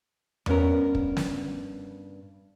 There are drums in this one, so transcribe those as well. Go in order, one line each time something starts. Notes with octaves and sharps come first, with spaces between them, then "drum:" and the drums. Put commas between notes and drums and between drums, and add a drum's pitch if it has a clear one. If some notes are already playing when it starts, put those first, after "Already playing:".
G2 B3 C#4 A#4, drum: tom E2
drum: kick
drum: snare